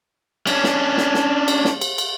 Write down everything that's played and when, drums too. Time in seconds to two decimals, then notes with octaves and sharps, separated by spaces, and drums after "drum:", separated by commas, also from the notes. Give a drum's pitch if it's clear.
0.47 C#4 D4, drum: cymbal
0.64 drum: snare
0.97 drum: snare
1.14 drum: snare
1.48 drum: cymbal
1.65 drum: snare
1.81 drum: cymbal
1.98 drum: cymbal